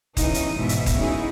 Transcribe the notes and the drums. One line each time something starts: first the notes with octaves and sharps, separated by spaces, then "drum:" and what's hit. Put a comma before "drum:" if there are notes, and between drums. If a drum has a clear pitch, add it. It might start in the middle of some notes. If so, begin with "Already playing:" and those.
E2 C#3 E3 C#4 D#4 D#5, drum: kick D#1, hi-hat
drum: hi-hat
G#2 B2 B3 E5
drum: hi-hat
drum: kick D#1, hi-hat
C#3 D#4 E4 F#4 G#4